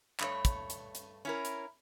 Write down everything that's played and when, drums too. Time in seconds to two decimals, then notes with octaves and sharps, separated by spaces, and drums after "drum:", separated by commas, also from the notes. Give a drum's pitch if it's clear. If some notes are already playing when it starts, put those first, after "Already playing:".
0.20 G2 A3 C#5, drum: clap
0.45 drum: kick, hi-hat
0.70 drum: hi-hat
0.95 drum: hi-hat
1.25 C#4 E4 A#4
1.45 drum: hi-hat